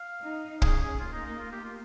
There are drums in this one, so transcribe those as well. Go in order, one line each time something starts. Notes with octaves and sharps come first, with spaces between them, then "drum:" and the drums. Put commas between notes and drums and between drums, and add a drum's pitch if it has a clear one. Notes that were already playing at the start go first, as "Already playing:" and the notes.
Already playing: F5
D#4
C#4 G#4, drum: kick
G#4
A#3 F4
D#4
D#4
F4
G4
F4